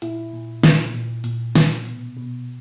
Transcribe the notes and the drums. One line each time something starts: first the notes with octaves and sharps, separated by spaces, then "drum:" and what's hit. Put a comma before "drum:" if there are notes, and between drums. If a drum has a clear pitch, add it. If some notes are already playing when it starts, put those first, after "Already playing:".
A#2 E4, drum: hi-hat
A#2
A#2, drum: snare
A#2
A#2, drum: hi-hat
A#2, drum: snare
B2, drum: hi-hat
B2